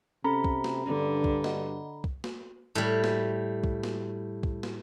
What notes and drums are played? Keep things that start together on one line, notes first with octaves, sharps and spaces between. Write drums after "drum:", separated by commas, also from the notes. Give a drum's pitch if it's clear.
C3 C#4 A4 A#5 B5
drum: kick
drum: snare
G2 D3
drum: kick
D#5 F#5, drum: snare
drum: kick
drum: snare
A2 G3
drum: snare
drum: kick
drum: snare
drum: kick
drum: snare